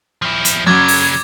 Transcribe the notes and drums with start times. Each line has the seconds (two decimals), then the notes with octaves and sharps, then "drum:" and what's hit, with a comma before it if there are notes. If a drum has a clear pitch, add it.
0.22 F3 E4
0.45 drum: hi-hat
0.66 F#2 C#3 F#3 D6 G#6 A6
0.88 drum: open hi-hat